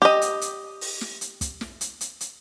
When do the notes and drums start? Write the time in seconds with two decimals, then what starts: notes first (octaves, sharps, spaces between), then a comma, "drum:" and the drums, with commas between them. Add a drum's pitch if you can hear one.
0.02 G4 D#5, drum: snare
0.22 drum: hi-hat
0.41 drum: hi-hat
0.81 drum: open hi-hat
1.01 drum: snare
1.21 drum: hi-hat
1.41 drum: kick, hi-hat
1.61 drum: snare
1.81 drum: hi-hat
2.01 drum: hi-hat
2.21 drum: hi-hat